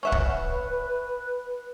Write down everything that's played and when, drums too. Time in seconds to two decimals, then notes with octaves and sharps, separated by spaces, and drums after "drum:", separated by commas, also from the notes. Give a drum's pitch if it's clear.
0.03 C#4 B4 E5 F#5
0.12 drum: kick C#1